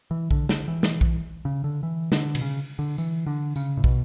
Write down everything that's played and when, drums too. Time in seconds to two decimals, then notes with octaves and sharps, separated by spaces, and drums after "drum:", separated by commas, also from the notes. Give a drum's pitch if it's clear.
0.11 E3
0.31 D3, drum: kick
0.49 D3, drum: snare
0.68 E3
0.83 drum: snare
1.01 drum: kick
1.45 C#3
1.64 D3
1.83 E3
2.12 D3, drum: snare
2.35 B2, drum: cymbal
2.41 C#3
2.79 D3
2.98 E3, drum: tambourine
3.26 D3
3.56 C#3, drum: tambourine
3.77 A2
3.84 B2, drum: kick